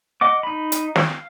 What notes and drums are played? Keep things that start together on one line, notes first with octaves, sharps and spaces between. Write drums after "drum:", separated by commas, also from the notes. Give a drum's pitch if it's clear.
D#5 F#5 D6
D#4 B5
drum: hi-hat
F5, drum: snare